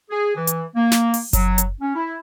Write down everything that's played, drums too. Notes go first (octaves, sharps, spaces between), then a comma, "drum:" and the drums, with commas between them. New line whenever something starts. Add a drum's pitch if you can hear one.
G#4
E3
drum: hi-hat
A#3
drum: snare
drum: open hi-hat
F#3, drum: kick F#1, hi-hat
drum: hi-hat
C#4
E4